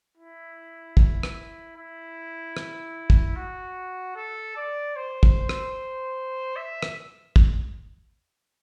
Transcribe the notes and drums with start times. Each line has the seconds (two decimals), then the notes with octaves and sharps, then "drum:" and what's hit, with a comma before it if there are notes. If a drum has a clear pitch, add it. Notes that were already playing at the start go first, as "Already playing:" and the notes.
0.18 E4
0.97 drum: kick
1.23 drum: rim click
1.76 E4
2.57 drum: rim click
3.10 drum: kick
3.36 F#4
4.16 A4
4.56 D5
4.96 C5
5.23 drum: kick
5.49 drum: rim click
6.56 E5
6.83 drum: rim click
7.36 drum: kick